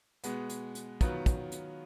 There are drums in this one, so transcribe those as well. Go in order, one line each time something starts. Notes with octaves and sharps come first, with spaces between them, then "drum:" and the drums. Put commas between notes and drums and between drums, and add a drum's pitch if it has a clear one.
B2 G#3 B3, drum: hi-hat
drum: hi-hat
drum: hi-hat
D#3 F#3 B3 F4 B4, drum: kick, hi-hat
drum: kick, hi-hat
drum: hi-hat